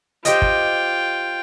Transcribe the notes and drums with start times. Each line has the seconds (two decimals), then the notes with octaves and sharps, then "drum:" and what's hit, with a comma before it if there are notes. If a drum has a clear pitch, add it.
0.25 F4 G4 C5 D#5 G5, drum: hi-hat
0.42 drum: kick